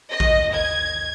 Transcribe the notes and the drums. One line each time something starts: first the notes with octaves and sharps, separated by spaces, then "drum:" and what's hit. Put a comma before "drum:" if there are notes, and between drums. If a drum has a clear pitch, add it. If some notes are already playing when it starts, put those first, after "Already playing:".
D#5
drum: kick A1
G#6